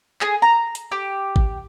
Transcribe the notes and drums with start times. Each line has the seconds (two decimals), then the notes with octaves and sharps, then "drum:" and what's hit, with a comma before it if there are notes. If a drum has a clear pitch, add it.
0.21 G#4, drum: clap
0.42 A#5
0.75 drum: hi-hat
0.92 G4
1.36 drum: kick G#1